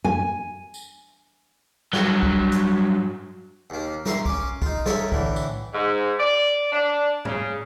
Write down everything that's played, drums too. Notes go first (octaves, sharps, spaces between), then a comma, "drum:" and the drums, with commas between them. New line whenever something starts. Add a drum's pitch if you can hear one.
G#5
drum: tambourine
G2 F#3, drum: snare
drum: kick B1
drum: hi-hat
D#2 A#3
A#4 E5 F5 C6, drum: snare
C#4 D6, drum: kick B1
D#4 F4, drum: kick B1
A4 A#4 C#5 E5, drum: snare
A2 D3 E3, drum: kick B1
drum: tambourine
G#2
D5
D4
C#3, drum: tom G#2